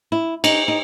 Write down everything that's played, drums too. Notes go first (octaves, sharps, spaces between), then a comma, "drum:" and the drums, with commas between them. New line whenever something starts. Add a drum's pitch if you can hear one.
E4
D#4, drum: cymbal
D#4